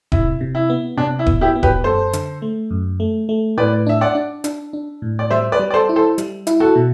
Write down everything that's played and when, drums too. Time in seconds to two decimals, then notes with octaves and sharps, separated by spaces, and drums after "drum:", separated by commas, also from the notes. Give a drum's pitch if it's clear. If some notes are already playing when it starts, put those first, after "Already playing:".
0.12 C3 E4, drum: kick D#1
0.41 C3
0.55 E4
0.70 B3
0.97 C3 D4
1.19 E4
1.26 B3, drum: kick D#1
1.41 E4 G4
1.56 B3
1.63 G4 B4, drum: kick D#1
1.84 F#2 A4 C5
2.13 D3, drum: hi-hat
2.42 A3
2.71 F#2
3.00 A3
3.29 A3
3.57 A2 B4 D5
3.86 D4 E5
4.01 D5 F#5
4.15 D4
4.44 D4, drum: hi-hat
4.73 D4
5.02 A2
5.19 D5
5.30 G3 C5 E5
5.52 B4 D5
5.59 G3
5.70 D5
5.74 A4 C5
5.89 E4
5.96 A4 C5
6.18 G3, drum: hi-hat
6.47 E4, drum: hi-hat
6.60 F#4 A4
6.76 B2